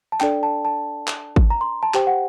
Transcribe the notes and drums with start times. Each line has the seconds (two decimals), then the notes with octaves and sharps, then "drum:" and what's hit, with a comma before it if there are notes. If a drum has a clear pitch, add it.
0.12 A5
0.20 D4 A4 D5 G5, drum: clap
0.43 A5
0.65 A5
1.08 drum: clap
1.36 drum: kick
1.50 A#5
1.61 C6
1.83 A5
1.94 G4 C5 G5, drum: clap
2.07 F#5